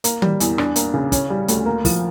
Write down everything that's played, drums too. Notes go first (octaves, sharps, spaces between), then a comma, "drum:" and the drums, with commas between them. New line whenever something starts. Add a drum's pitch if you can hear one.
A#3, drum: hi-hat
G3, drum: tom D#3
E2, drum: hi-hat
D4, drum: rim click
A#3, drum: hi-hat
C#3
C#4, drum: kick, hi-hat
G3
D2, drum: hi-hat
A#3
F3, drum: kick, open hi-hat